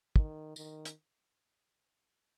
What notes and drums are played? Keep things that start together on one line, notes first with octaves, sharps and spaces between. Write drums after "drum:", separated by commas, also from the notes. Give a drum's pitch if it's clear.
D#3, drum: kick
D#3, drum: tambourine
drum: hi-hat